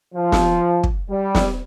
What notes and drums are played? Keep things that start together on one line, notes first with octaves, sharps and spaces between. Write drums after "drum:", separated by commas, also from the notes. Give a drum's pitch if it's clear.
F3
drum: snare
drum: kick
G3
drum: snare